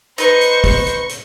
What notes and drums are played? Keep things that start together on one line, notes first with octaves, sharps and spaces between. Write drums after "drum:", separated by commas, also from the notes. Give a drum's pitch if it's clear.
D#4 B4 C5 C#6, drum: hi-hat
drum: hi-hat
drum: kick, open hi-hat
drum: hi-hat
drum: hi-hat